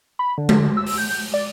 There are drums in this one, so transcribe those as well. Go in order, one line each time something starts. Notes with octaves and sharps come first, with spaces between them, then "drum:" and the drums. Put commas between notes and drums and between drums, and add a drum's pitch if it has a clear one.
B5
D3
drum: tom G#3
E6
drum: open hi-hat
G6
D5